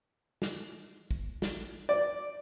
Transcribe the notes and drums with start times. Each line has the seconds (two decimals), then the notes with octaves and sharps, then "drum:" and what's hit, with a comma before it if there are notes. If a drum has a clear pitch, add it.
0.42 drum: snare
1.11 drum: kick
1.42 drum: snare
1.89 D5